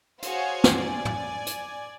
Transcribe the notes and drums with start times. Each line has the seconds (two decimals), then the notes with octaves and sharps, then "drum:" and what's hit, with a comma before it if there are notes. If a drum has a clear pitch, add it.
0.22 F#4 G#4 C5 C#5 F5, drum: hi-hat
0.64 drum: snare
0.76 D5 G#5
1.05 drum: tom
1.47 drum: hi-hat